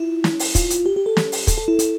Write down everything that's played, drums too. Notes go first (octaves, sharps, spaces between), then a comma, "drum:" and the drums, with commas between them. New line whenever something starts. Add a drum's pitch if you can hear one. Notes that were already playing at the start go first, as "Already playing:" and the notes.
Already playing: E4 F4
drum: snare
drum: open hi-hat
F4, drum: kick, hi-hat
drum: hi-hat
G4
G4
A4
drum: snare
drum: open hi-hat
A4, drum: kick, hi-hat
A4
E4
E4, drum: hi-hat